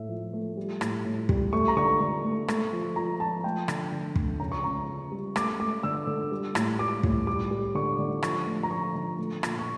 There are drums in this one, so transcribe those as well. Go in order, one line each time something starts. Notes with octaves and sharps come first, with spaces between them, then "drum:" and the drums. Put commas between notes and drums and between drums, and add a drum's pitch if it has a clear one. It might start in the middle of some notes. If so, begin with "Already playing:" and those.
Already playing: A2 A3 E5
F3
A3
G3
A2, drum: rim click
A2
G3, drum: kick
A3 C#6
A#5
D3 C#6
D3
A3
A3, drum: rim click
F3
F3 A#5
F3 A5
A3 G5
D3, drum: rim click
D3
A3, drum: kick
C#3 A#5
C#6
C#3 A#5
C#3
G3
A3 D6, drum: rim click
A3 D6
D3 E6
D3
G3
A2, drum: rim click
G3 D6
A2, drum: kick
G3 D6
G3
D3 C#6
D3
F3 C#6, drum: rim click
A3
A#5
F3 C#6
D3
A3
A#2, drum: rim click
C#6